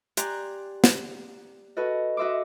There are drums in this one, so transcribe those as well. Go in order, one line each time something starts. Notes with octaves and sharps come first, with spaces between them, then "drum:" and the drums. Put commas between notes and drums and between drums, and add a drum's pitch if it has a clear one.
G4 D5 G#5 A#5 C6 F#6, drum: hi-hat
drum: snare
F#4 A4 B4 D#5
F#4 D#5 E5 C6 D6